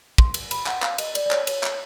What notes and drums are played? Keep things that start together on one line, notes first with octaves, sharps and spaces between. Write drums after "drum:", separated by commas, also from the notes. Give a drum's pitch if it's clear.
C6, drum: kick
drum: cymbal
B5, drum: cymbal
F#5, drum: clap
F5, drum: clap
D#5, drum: cymbal
D5, drum: cymbal
D5
C#5, drum: clap
C#5, drum: cymbal
drum: clap